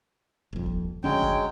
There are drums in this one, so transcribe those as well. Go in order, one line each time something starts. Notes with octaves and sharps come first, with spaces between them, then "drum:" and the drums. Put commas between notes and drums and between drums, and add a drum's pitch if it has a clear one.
D#1 F2
drum: kick F#1
F1 D3 F#3 G#3 C#4 G5
drum: kick F#1